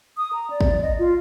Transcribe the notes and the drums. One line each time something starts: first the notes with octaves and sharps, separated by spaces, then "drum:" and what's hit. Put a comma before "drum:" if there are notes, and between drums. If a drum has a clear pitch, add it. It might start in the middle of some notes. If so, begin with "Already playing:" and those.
D#6
A#5
D5
drum: kick
D#5
F4